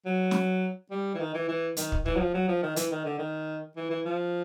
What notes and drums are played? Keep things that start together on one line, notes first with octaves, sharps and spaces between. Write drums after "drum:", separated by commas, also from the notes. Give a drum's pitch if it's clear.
F#3
drum: snare
G3
E3
D#3
E3
E3
D#3, drum: hi-hat
drum: kick
E3, drum: kick
F#3
F3
F#3
F3
D#3
E3, drum: hi-hat
D#3
D3
D#3
E3
E3
F3